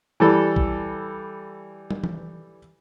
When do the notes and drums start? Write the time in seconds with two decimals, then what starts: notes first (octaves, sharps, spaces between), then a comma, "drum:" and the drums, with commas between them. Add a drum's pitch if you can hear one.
0.20 E3 G3 A4
0.56 drum: kick
1.91 drum: tom
2.04 drum: tom E3